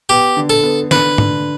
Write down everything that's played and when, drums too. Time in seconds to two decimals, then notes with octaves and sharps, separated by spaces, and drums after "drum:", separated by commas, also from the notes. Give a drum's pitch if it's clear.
0.09 B3 G4
0.37 D3
0.50 A4
0.63 B3
0.91 D3 B4, drum: snare
1.18 D3, drum: tom G#2